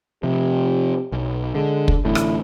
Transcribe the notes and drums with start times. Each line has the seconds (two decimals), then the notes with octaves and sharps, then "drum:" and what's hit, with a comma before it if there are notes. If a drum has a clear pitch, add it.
0.23 C3 F3 G4
1.12 B1
1.55 D3 G#3
1.88 drum: kick
2.05 A1 A2 D3 E4
2.15 drum: rim click